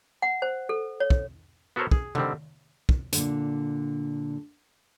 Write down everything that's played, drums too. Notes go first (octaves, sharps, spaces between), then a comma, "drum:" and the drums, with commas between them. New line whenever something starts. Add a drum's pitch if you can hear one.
F#5
C5
A4
C#5
drum: kick
B3 F#4 A4 A#4 C5 C#5
G#4, drum: kick
D3 D#3 G3 C4, drum: tom C3
drum: kick
A#2 D3, drum: hi-hat